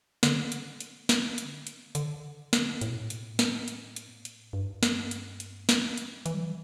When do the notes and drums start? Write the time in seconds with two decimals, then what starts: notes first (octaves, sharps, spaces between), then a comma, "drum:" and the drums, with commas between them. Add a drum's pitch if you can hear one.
0.23 D3, drum: snare
0.52 drum: hi-hat
0.80 drum: hi-hat
1.09 drum: snare
1.38 drum: hi-hat
1.67 drum: hi-hat
1.95 D3, drum: hi-hat
2.53 drum: snare
2.81 A2, drum: hi-hat
2.90 B2
2.99 A2
3.10 drum: hi-hat
3.39 drum: snare
3.68 drum: hi-hat
3.96 drum: hi-hat
4.25 drum: hi-hat
4.53 G2
4.83 drum: snare
5.11 drum: hi-hat
5.40 drum: hi-hat
5.69 drum: snare
5.97 drum: hi-hat
6.26 E3, drum: hi-hat
6.34 G3
6.42 E3